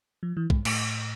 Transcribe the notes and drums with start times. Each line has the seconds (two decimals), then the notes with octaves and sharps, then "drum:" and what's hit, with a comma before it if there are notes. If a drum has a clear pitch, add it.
0.23 F3
0.37 E3
0.50 G#2, drum: kick
0.65 A2, drum: cymbal